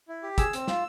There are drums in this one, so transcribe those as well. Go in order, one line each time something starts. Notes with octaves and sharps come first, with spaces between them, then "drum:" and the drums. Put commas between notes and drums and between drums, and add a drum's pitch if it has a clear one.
E4
G4
G#4 E6, drum: kick, hi-hat
C4, drum: hi-hat
F4, drum: snare